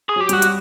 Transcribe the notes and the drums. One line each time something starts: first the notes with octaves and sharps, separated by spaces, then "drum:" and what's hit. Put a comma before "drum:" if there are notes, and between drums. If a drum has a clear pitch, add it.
G#4
F#3 G4
G3 F#4, drum: hi-hat
drum: hi-hat